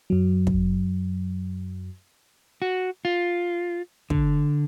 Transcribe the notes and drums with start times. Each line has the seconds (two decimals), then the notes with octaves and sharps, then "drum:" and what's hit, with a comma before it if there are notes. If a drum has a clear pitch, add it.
0.10 F#2 F#3
0.47 drum: kick
2.62 F#4
3.05 F4
4.10 D3, drum: kick